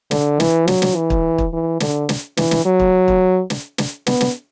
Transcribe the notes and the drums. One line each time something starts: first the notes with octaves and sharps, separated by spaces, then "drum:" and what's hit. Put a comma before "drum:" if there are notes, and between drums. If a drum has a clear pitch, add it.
D3, drum: snare
E3, drum: snare
F#3, drum: snare
drum: snare
E3
drum: kick
drum: kick
E3
D3, drum: snare
drum: snare
E3, drum: snare
drum: snare
F#3
drum: kick
drum: kick
drum: snare
drum: snare
B3, drum: snare
drum: snare